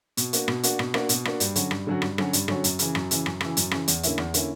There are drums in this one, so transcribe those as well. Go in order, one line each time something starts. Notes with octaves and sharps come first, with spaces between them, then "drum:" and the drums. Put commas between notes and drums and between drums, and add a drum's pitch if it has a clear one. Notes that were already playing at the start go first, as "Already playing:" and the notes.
B2, drum: hi-hat
A#3 D4 F#4, drum: hi-hat
B2, drum: rim click
A#3 D4 F#4, drum: hi-hat
B2, drum: rim click
A#3 D4 F#4, drum: rim click
B2, drum: hi-hat
A#3 D4 F#4, drum: rim click
G2, drum: hi-hat
D3 F#3 C#4 F#4, drum: hi-hat
G2, drum: rim click
D3 F#3 C#4 F#4
G2, drum: rim click
D3 F#3 C#4 F#4, drum: rim click
G2, drum: hi-hat
D3 F#3 C#4 F#4, drum: rim click
F#2, drum: hi-hat
C#3 E3, drum: hi-hat
F#2, drum: rim click
C#3 E3, drum: hi-hat
F#2, drum: rim click
C#3 E3, drum: rim click
F#2, drum: hi-hat
C#3 E3, drum: rim click
E2, drum: hi-hat
D3 A#3 C#4 E4, drum: hi-hat
E2, drum: rim click
D3 A#3 C#4 E4, drum: hi-hat